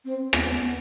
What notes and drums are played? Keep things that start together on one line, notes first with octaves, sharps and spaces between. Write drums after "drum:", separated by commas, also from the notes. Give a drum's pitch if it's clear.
C4
B3, drum: rim click
B3